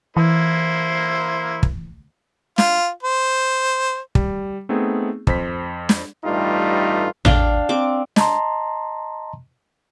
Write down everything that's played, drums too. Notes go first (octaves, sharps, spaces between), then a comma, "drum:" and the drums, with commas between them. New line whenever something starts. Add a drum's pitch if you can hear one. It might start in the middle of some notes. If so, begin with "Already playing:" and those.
E3 A#3 E4 C5
drum: kick
F4, drum: snare
C5
G3, drum: kick
A3 B3 C4 D#4 G#4
F2 C5 B6, drum: kick
drum: snare
A1 G2 G3 A3 D#4 F4
D4 F5 G5, drum: tom A1
C4 D6
D#5 A5 A#5 C6, drum: snare